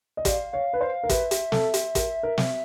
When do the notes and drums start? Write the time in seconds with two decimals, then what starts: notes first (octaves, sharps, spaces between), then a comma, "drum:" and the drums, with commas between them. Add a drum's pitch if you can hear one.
0.17 D#5
0.25 D5 F5, drum: kick, hi-hat
0.53 C#5 F5
0.73 B4
0.81 C5 F5
1.03 A#4
1.09 B4 E5, drum: kick, hi-hat
1.31 drum: hi-hat
1.52 A4, drum: snare
1.74 drum: hi-hat
1.95 A#4, drum: kick, hi-hat
2.23 A#4
2.38 drum: snare